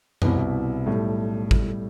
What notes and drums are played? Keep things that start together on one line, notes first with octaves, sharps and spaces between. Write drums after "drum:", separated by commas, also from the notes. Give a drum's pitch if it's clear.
C2 B2 B3 E4, drum: tom F#2
B1 A2 G3
B1 A2 G3, drum: kick G#1